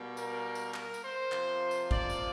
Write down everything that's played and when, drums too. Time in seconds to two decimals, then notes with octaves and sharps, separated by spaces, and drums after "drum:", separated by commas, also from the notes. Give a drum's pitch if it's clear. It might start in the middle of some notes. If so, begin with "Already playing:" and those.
Already playing: B2 G3 A#3
0.17 A#4, drum: tambourine
0.55 drum: tambourine
0.74 A#4, drum: clap
0.94 drum: tambourine
1.03 C5
1.32 C3 F3 A#3, drum: clap
1.71 drum: tambourine
1.91 D5, drum: kick
2.10 drum: tambourine